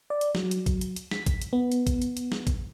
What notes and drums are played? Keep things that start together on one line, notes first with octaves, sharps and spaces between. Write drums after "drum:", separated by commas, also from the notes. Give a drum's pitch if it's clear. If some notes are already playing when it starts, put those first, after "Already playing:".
D5
drum: hi-hat
F#3, drum: snare
drum: hi-hat
drum: kick A1, hi-hat
drum: hi-hat
drum: hi-hat
B6, drum: snare
drum: kick A1, hi-hat
drum: hi-hat
B3
drum: hi-hat
drum: kick A1, hi-hat
drum: hi-hat
drum: hi-hat
drum: snare
drum: kick A1, hi-hat